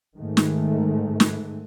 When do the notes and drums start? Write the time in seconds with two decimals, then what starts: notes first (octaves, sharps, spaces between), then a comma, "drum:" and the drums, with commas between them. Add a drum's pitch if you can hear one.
0.16 G#2 D#3 G#3 A3
0.37 drum: snare
1.20 drum: snare